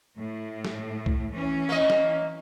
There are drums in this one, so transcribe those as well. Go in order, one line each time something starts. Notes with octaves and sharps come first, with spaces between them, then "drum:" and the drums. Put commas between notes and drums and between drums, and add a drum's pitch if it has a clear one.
A2
drum: snare
drum: kick C2
E3 C#4
A#3 D#5
drum: snare